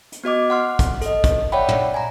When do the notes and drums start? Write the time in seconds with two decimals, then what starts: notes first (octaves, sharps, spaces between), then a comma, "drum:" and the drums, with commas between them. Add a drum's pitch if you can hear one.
0.12 drum: hi-hat
0.24 B3 F#4 D#5 D6
0.50 F#5 C6 F6
0.79 drum: kick, hi-hat
1.02 A4 D#5, drum: hi-hat
1.24 drum: kick, hi-hat
1.52 C#5 D5 E5 F#5 G5 B5
1.69 drum: tom
1.94 G#5 A#5